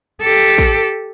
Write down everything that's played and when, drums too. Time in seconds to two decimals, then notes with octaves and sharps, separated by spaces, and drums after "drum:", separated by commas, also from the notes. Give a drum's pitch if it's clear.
0.21 G4 A4
0.58 drum: kick